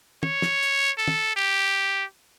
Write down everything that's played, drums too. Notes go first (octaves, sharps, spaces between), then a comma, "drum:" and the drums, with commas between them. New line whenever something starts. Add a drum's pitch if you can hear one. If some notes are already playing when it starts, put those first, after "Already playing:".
C#5, drum: tom
drum: snare
drum: hi-hat
A4
drum: tom
G4